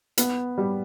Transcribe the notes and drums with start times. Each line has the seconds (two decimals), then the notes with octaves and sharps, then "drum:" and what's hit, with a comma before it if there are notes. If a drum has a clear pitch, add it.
0.18 B3, drum: hi-hat
0.58 G3